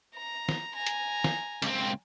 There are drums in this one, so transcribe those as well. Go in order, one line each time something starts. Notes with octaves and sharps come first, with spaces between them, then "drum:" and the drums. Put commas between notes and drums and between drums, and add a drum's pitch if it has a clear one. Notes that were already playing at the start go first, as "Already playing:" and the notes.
A#5
drum: snare
G#5 A#5
drum: hi-hat
drum: snare
C#2 C4, drum: hi-hat